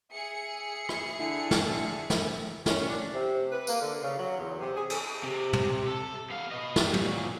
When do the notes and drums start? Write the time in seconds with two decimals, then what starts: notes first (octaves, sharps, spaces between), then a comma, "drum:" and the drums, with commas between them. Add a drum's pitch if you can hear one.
0.12 G#4 E5 C#7
0.89 drum: rim click
1.20 D3 E4
1.51 drum: snare
2.10 drum: snare
2.66 C#4, drum: snare
2.86 D4
3.12 C3
3.51 B4
3.67 A#3, drum: tambourine
3.80 D3
4.02 C#3
4.17 F#3
4.37 E2
4.59 C3
4.74 G#4
4.90 A4, drum: cymbal
5.23 C3
5.53 drum: tom
5.87 A4
6.30 B3 F5
6.52 B4 D#5
6.76 G#2 G3, drum: snare
6.94 drum: tom
7.03 A#2 F#3